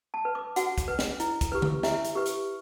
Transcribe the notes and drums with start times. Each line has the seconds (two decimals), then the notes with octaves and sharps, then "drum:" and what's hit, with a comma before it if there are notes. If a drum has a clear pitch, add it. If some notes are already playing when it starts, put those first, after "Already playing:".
0.14 A5
0.25 B4
0.35 D6
0.56 F#4 F#5, drum: hi-hat
0.78 drum: kick, hi-hat
0.88 B4
0.99 drum: snare
1.20 E4, drum: hi-hat
1.41 drum: kick, hi-hat
1.52 G4 B4
1.62 drum: tom D3
1.83 E4 E5, drum: snare
2.05 drum: hi-hat
2.15 G4 B4
2.26 drum: hi-hat